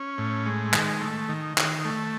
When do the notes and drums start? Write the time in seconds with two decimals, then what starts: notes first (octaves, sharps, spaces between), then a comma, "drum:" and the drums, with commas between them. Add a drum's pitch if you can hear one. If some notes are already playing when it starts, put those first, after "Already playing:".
Already playing: C#4
0.18 A2
0.46 G#3
0.73 D#3, drum: clap
1.01 A3
1.29 D#3
1.58 D#3, drum: clap
1.85 A3